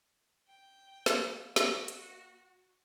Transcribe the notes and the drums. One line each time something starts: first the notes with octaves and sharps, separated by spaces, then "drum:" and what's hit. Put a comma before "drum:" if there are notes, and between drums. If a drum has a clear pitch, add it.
G5
A#3 D#5, drum: snare
F#4, drum: snare
drum: hi-hat